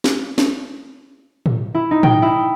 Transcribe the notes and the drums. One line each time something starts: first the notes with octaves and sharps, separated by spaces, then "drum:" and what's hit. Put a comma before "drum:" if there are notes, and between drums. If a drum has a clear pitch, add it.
drum: snare
drum: snare
drum: tom A2
E4
D#4
G5, drum: tom A2
E4